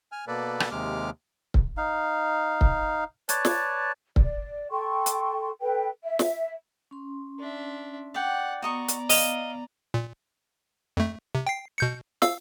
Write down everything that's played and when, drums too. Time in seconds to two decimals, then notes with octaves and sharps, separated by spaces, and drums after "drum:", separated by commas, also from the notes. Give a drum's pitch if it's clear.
0.12 G#5 F6
0.28 B2 A#3 A4 B4 D5
0.60 drum: rim click
0.71 D#2 C3 G#3 D6 F6
1.54 drum: kick C#1
1.77 D#4 F5
2.61 drum: kick C#1
3.29 B4 C#5 D5 A5, drum: hi-hat
3.45 drum: snare
4.16 D5, drum: kick C#1
4.71 A4 G5 C6 C#6
5.06 drum: hi-hat
5.61 A4 B4 G5
6.04 E5
6.19 drum: snare
6.91 C#4 C6
7.38 D4 E5
8.14 D5 F#5 G5
8.62 B3 F#4 D5 D#5 A#5 C#6
8.89 drum: hi-hat
9.10 D#5 F5, drum: open hi-hat
9.94 A#2
10.97 F2 A3
11.35 C3
11.47 G5 C7
11.78 B2 G6 C#7
12.22 F5 E6, drum: snare